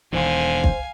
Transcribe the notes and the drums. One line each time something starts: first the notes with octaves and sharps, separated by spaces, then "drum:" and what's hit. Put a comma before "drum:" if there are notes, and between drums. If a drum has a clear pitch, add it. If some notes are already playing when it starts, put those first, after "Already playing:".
E1 E2 D3 D#3 C5 F5 G#5
drum: kick